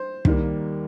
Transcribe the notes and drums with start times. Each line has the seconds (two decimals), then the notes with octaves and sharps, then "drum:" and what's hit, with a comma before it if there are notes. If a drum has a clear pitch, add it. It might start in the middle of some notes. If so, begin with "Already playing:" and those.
Already playing: C5
0.25 D#2 D#3 G3 A#3, drum: kick